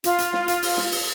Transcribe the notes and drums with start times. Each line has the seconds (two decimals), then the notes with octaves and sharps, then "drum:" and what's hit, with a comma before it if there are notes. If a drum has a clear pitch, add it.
0.04 F4, drum: hi-hat
0.18 drum: hi-hat
0.33 drum: snare
0.48 drum: hi-hat
0.62 drum: open hi-hat
0.77 drum: snare
0.92 drum: open hi-hat